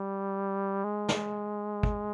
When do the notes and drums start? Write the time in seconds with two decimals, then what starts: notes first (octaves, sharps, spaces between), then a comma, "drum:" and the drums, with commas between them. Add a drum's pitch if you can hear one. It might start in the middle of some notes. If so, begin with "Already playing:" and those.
Already playing: G3
0.84 G#3
1.09 drum: snare
1.83 drum: kick